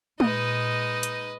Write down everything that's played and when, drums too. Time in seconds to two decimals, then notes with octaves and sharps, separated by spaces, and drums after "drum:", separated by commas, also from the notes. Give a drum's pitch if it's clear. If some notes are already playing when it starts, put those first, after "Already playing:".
0.20 A#2 G#3 D#4 B4 D#5 D#6, drum: tom
1.03 drum: hi-hat